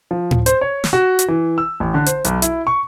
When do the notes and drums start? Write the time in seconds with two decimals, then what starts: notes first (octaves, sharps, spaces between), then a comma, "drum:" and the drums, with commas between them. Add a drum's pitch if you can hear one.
0.11 F3
0.31 drum: tom A2
0.46 C5, drum: hi-hat
0.61 C#5
0.84 drum: snare
0.93 F#4
1.19 drum: hi-hat
1.28 E3
1.58 E6
1.80 A1
1.94 D3
2.06 C5, drum: hi-hat
2.25 B1, drum: hi-hat
2.42 E4, drum: hi-hat
2.67 C#6